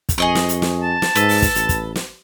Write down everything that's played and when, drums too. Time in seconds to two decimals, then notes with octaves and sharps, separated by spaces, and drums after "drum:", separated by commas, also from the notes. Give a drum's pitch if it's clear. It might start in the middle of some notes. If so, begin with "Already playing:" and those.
0.09 drum: kick, hi-hat
0.18 F2 G#4 D#5 C#6
0.35 drum: snare
0.49 drum: hi-hat
0.62 drum: snare
0.82 A5
1.02 drum: snare
1.15 G#2 A4 B4, drum: hi-hat
1.29 drum: open hi-hat
1.42 drum: kick, hi-hat
1.55 A1, drum: hi-hat
1.69 drum: kick, hi-hat
1.96 drum: snare